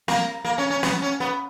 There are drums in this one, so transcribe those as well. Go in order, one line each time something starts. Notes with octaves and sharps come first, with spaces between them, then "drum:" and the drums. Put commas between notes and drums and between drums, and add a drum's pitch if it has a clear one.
A#3, drum: snare
A#3
C#4
C#4
B3, drum: snare
C#4
B3